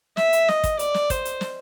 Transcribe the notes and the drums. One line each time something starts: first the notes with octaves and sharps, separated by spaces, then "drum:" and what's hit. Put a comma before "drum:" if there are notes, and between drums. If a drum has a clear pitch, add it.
E5, drum: snare
drum: hi-hat
D#5, drum: snare
drum: kick, hi-hat
D5, drum: hi-hat
drum: snare
C5, drum: kick, hi-hat
drum: hi-hat
drum: snare